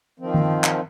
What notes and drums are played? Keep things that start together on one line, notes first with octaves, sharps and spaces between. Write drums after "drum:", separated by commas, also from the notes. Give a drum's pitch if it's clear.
D#3 F3 C4
drum: tom D#3
drum: clap